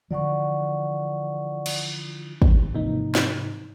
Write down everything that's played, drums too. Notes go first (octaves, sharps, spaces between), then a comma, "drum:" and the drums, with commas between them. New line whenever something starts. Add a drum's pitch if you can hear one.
D3 E3 F3 D5 F#5 C#6
drum: cymbal
drum: kick
G#2 C3 E3 F3 A#3 D#4
drum: snare